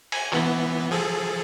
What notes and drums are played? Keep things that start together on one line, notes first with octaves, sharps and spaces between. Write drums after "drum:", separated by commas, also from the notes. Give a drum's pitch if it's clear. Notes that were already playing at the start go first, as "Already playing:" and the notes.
G#5, drum: cymbal
E3 B3, drum: clap
F3 G#4 A4